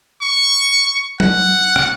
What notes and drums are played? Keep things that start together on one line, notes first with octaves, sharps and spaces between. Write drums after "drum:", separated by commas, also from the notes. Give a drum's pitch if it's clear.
C#6
F#5, drum: tom F#3
drum: rim click